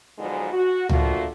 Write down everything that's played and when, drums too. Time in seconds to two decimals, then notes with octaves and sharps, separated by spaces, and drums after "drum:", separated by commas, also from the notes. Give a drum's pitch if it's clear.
0.19 G#2 B2 D3 F3 F#3 G#3
0.53 F#4
0.89 F3 A3 A#3 D4 F4 F#4, drum: tom C#2